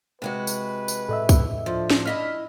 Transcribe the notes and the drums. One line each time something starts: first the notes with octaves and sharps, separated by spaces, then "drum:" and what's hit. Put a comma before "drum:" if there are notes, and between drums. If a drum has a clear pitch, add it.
C3 G#3 F#4 B4
drum: tambourine
drum: tambourine
A2 A4 D#5 E5
drum: kick C2, tambourine
F3 D4
drum: snare
E4 D#5 E5 F6 B6